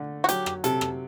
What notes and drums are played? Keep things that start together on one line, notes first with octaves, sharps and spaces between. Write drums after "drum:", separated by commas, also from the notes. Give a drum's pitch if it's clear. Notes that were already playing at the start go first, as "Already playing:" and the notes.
Already playing: D3 A3
F#4
F#3 G4, drum: hi-hat
drum: rim click
C3 A4, drum: hi-hat
drum: rim click